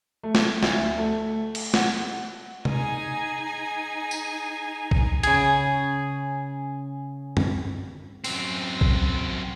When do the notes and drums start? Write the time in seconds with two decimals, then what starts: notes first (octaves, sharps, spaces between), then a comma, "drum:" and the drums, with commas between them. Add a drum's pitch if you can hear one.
0.23 A3
0.35 drum: snare
0.63 D2, drum: snare
0.98 A3
1.55 drum: cymbal
1.74 F#5, drum: snare
2.65 D#4 G#4 G#5, drum: tom
4.11 drum: tambourine
4.91 drum: kick
5.23 C#3 G#4, drum: hi-hat
7.37 drum: tom F#2
8.24 F#2 C4, drum: open hi-hat
8.81 drum: kick